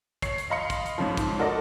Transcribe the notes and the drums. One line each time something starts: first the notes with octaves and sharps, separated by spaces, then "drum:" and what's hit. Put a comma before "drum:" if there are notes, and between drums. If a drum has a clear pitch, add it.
C#5 C7, drum: kick, hi-hat
drum: hi-hat
D#5 F5 B5 C6 C#7
drum: kick, hi-hat
drum: hi-hat
G#2 C#3 F3
drum: kick, hi-hat
F#4 A4 A#4 D5 D#5